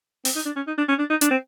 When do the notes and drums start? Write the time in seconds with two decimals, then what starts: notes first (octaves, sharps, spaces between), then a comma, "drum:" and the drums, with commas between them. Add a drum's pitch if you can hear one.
0.25 C4, drum: open hi-hat
0.35 D#4
0.46 D4
0.56 C#4
0.67 D#4
0.78 D4
0.88 C#4
0.99 D4
1.10 D#4
1.21 D4, drum: hi-hat
1.31 C4